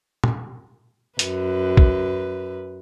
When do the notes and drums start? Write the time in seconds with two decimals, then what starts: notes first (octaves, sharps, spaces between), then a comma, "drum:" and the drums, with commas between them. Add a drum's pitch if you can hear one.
0.24 drum: tom
1.19 F#2 B4, drum: hi-hat
1.77 drum: kick